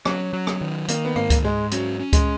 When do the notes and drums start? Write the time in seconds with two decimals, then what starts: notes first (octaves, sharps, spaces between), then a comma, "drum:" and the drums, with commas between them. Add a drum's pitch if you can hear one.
0.05 F#3 C#4, drum: rim click
0.33 F#3
0.47 drum: rim click
0.61 D#3
0.88 D#3 A#3, drum: hi-hat
1.05 B3
1.16 G#2 A#3
1.30 drum: kick C#2, hi-hat
1.44 G#2 G#3
1.71 F#3 C#4, drum: hi-hat
1.99 C#4
2.13 G#3, drum: kick C#2, hi-hat